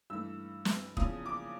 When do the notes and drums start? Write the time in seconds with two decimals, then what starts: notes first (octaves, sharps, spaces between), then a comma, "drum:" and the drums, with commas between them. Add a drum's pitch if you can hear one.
0.10 G2 E3 A3 E6
0.65 drum: snare
0.97 E2 C#3 F3 D#6, drum: kick
1.26 D6